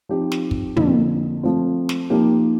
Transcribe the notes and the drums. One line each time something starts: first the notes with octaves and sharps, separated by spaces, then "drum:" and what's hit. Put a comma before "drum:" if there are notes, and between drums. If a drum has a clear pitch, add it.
F3 C4 D#4 G4
drum: snare
drum: kick
F2 D3 F3 A#3, drum: tom
F3 A3 C4 F4
drum: snare
F3 A#3 D#4 G4